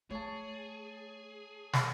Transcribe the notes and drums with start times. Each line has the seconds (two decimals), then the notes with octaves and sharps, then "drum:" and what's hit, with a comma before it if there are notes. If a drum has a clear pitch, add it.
0.10 A3 G#4 C#5 A5
1.73 drum: snare